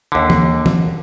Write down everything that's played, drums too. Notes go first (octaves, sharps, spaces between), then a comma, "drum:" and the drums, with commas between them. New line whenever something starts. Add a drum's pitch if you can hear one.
D#2 D3
drum: tom
drum: tom